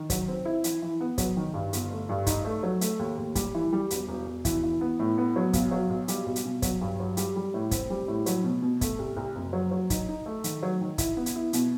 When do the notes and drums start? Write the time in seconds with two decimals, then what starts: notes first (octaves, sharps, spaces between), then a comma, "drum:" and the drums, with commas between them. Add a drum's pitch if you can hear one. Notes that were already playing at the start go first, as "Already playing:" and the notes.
Already playing: D#3
0.10 F#3, drum: kick, hi-hat
0.28 C4
0.45 E4
0.64 E3, drum: hi-hat
0.82 E3
1.01 B3
1.18 F#3, drum: kick, hi-hat
1.37 D#3
1.54 G2
1.73 G1, drum: hi-hat
1.91 A3
2.09 G2
2.27 D#4, drum: kick, hi-hat
2.45 A3
2.63 F#3
2.81 A3, drum: hi-hat
2.99 D#2
3.18 D#2
3.35 G3, drum: kick, hi-hat
3.55 E3
3.73 G3
3.90 E1, drum: hi-hat
4.09 E1
4.27 E1
4.45 E3, drum: kick, hi-hat
4.64 E3
4.81 B3
4.99 A2
5.18 B3
5.36 F#3
5.53 B1, drum: kick, hi-hat
5.72 F#3
5.90 B1
6.08 G3, drum: hi-hat
6.26 B1
6.36 drum: hi-hat
6.45 B2
6.62 F#3, drum: kick, hi-hat
6.81 G2
7.00 F#3
7.17 G3, drum: hi-hat
7.36 G3
7.54 A2
7.71 C4, drum: kick, hi-hat
7.90 G3
8.08 A2
8.26 F#3, drum: hi-hat
8.44 B2
8.62 B2
8.81 A3, drum: kick, hi-hat
8.99 C2
9.17 C2
9.36 F#1
9.53 F#3
9.71 F#3
9.90 D#4, drum: kick, hi-hat
10.08 D#4
10.26 A3
10.44 D#3, drum: hi-hat
10.63 F#3
10.81 D#3
10.98 E4, drum: kick, hi-hat
11.17 B3
11.26 drum: hi-hat
11.36 E4
11.53 B2, drum: hi-hat